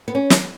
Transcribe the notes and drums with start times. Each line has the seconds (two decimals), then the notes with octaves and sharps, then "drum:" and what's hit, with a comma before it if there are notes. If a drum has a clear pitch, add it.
0.08 B3
0.15 C#4
0.30 drum: snare